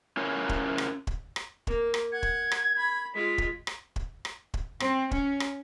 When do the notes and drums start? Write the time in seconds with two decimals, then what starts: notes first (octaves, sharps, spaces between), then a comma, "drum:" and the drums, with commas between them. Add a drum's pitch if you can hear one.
0.17 C#4 E4 F4 A#4 C#5
0.49 drum: kick
0.78 drum: rim click
1.07 drum: kick
1.36 drum: rim click
1.67 A#3, drum: kick
1.94 drum: rim click
2.12 F#5 G#6
2.23 drum: kick
2.51 drum: rim click
2.77 B5
3.14 G#3 F4 B6
3.38 drum: kick
3.67 drum: rim click
3.96 drum: kick
4.25 drum: rim click
4.54 drum: kick
4.80 C4, drum: rim click
5.11 C#4, drum: kick
5.40 drum: rim click